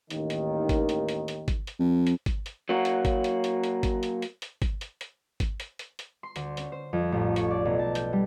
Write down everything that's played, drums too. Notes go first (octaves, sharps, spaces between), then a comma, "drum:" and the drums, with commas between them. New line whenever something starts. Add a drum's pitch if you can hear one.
A1 D#2 D#3, drum: hi-hat
drum: hi-hat
drum: kick G#1, hi-hat
drum: hi-hat
drum: hi-hat
drum: hi-hat
drum: kick G#1, hi-hat
drum: hi-hat
F2
drum: hi-hat
drum: kick G#1, hi-hat
drum: hi-hat
F#3 A#3 F#4
drum: hi-hat
drum: kick G#1, hi-hat
drum: hi-hat
drum: hi-hat
drum: hi-hat
drum: kick G#1, hi-hat
drum: hi-hat
drum: hi-hat
drum: hi-hat
drum: kick G#1, hi-hat
drum: hi-hat
drum: hi-hat
drum: kick G#1, hi-hat
drum: hi-hat
drum: hi-hat
drum: hi-hat
C6
D2, drum: hi-hat
C#4, drum: hi-hat
C5
F2
A1
C#6, drum: hi-hat
D5
B1
A5
G6, drum: hi-hat
G3